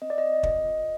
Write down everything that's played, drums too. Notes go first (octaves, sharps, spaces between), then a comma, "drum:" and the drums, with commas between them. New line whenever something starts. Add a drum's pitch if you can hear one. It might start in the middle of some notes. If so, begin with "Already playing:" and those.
C4 D#5
D5
D#5
F4 A4, drum: kick